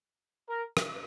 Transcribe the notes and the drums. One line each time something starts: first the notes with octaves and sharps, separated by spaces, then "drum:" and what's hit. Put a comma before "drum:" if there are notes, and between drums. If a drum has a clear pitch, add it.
A#4
drum: rim click